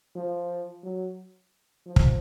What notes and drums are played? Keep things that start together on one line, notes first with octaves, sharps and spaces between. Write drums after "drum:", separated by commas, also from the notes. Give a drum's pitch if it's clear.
F3
F#3
F3
drum: kick